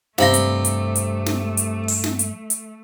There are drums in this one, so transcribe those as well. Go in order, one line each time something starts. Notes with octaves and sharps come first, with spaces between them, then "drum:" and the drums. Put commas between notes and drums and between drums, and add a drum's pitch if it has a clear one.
G2 C3 A3 F5 B5 C6 A#6, drum: snare
drum: hi-hat
drum: hi-hat
drum: hi-hat
drum: snare
drum: hi-hat
drum: open hi-hat
drum: snare
drum: hi-hat
drum: hi-hat